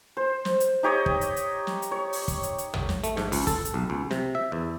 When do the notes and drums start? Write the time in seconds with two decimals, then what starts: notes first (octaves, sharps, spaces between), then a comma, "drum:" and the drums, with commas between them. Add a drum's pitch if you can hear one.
0.17 C5
0.45 drum: snare
0.60 drum: hi-hat
0.83 D#4 G4 C#5 D#5
1.06 drum: kick
1.21 drum: hi-hat
1.36 drum: hi-hat
1.67 drum: snare
1.82 drum: hi-hat
1.91 C#5
2.13 drum: open hi-hat
2.28 drum: kick, hi-hat
2.43 drum: hi-hat
2.58 drum: hi-hat
2.74 drum: tom
2.89 drum: snare
3.04 A3, drum: hi-hat
3.17 G#2, drum: snare
3.32 C#2, drum: open hi-hat
3.47 A4, drum: kick, hi-hat
3.65 drum: hi-hat
3.74 B1
3.90 C#2
4.11 C3, drum: snare
4.35 E5
4.52 E2